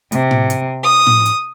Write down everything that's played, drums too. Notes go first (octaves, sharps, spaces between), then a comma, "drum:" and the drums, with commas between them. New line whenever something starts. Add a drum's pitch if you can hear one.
C3, drum: hi-hat
drum: tom A2
drum: hi-hat
D#6
drum: tom A2
drum: hi-hat